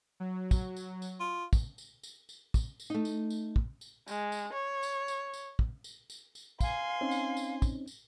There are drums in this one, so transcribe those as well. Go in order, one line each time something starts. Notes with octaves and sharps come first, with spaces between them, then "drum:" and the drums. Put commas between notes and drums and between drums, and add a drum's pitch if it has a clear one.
F#3
drum: kick, tambourine
drum: tambourine
drum: tambourine
F4
drum: kick, tambourine
drum: tambourine
drum: tambourine
drum: tambourine
drum: kick, tambourine
drum: tambourine
A3 D#4
drum: tambourine
drum: tambourine
drum: kick
drum: tambourine
G#3, drum: tambourine
drum: tambourine
C#5
drum: tambourine
drum: tambourine
drum: tambourine
drum: kick
drum: tambourine
drum: tambourine
drum: tambourine
F5 G#5 C6, drum: kick, tambourine
C4 C#4 D#4
drum: tambourine
drum: tambourine
drum: kick, tambourine
drum: tambourine